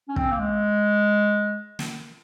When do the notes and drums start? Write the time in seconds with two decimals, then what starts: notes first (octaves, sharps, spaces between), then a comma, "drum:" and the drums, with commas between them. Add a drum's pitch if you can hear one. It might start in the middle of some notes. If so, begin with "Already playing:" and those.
0.09 C#4
0.16 C4, drum: kick
0.32 A#3
0.39 G#3
1.79 drum: snare